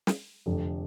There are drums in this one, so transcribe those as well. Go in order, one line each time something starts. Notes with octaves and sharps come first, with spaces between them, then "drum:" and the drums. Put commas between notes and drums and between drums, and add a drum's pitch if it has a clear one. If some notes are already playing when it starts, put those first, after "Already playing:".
drum: snare
F1 F2 D3